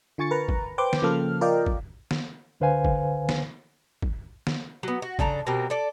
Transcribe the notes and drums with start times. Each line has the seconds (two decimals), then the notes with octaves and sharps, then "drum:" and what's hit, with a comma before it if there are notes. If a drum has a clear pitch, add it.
0.18 D3 F4 G#5 C#6 A6 C#7
0.31 A#4 B4 A#5
0.48 drum: kick
0.78 B4 C5 G5 D6 G6
0.93 drum: snare
1.02 C#3 F3 A#3 A4 F6
1.41 F4 A#4 D5 D#5 F5 G5
1.66 drum: kick
2.11 drum: snare
2.60 C#2 D3 B4 C5 F5 G#5
2.84 drum: kick
3.29 drum: snare
4.02 drum: kick
4.47 drum: snare
4.83 F#3 B3
5.02 F#4
5.19 C#3 D4 A4 A#5, drum: kick
5.47 B2 G3 C4 A#4
5.70 A4 D5